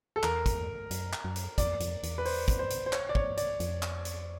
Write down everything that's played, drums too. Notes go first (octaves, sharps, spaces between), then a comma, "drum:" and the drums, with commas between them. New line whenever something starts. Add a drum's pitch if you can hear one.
A4
E2 A#4, drum: clap
drum: kick, hi-hat
F#2, drum: hi-hat
drum: clap
F#2
drum: hi-hat
F2 D5, drum: kick, hi-hat
F2, drum: hi-hat
E2, drum: hi-hat
B4
C5, drum: open hi-hat
drum: kick, hi-hat
C5
drum: hi-hat
C5
C#5, drum: clap
D5
C#5, drum: kick
D5, drum: hi-hat
F2, drum: hi-hat
drum: clap
drum: hi-hat